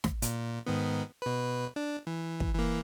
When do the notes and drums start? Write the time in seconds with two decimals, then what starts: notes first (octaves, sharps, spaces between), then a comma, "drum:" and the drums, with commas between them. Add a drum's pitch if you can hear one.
0.04 drum: snare
0.22 A#2, drum: hi-hat
0.66 G#2 D#3 B3
1.22 B2 B4
1.76 D4
2.07 E3
2.40 drum: kick
2.55 E3 A#3